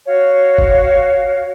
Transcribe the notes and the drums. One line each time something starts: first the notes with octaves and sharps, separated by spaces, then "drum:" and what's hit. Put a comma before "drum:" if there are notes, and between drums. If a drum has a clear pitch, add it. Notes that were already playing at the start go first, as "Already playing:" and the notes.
F#4 C#5 F5
drum: kick